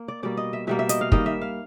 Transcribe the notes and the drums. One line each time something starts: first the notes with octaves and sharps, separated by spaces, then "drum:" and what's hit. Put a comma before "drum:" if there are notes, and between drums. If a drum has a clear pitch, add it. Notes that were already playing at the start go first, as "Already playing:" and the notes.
Already playing: A#3
D5
B2 G3 A#3 D5
D#5
E5
B2 G3 A#3 E5
E5
D#5, drum: hi-hat
F5
D#3 G3 A#3 D#5, drum: kick
E5
F5